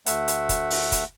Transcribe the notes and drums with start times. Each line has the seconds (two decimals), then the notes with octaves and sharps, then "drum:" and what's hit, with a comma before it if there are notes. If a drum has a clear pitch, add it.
0.06 D2 A3 E5 F#5, drum: hi-hat
0.28 drum: hi-hat
0.49 drum: kick, hi-hat
0.70 drum: open hi-hat
0.92 drum: kick, hi-hat